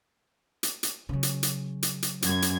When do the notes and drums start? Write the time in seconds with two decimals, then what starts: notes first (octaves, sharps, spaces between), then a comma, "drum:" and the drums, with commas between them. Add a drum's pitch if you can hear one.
0.63 drum: hi-hat
0.83 drum: hi-hat
1.09 C#3 F#3
1.23 drum: hi-hat
1.43 drum: hi-hat
1.83 drum: hi-hat
2.02 drum: hi-hat
2.22 F#2 G#6, drum: hi-hat
2.42 drum: hi-hat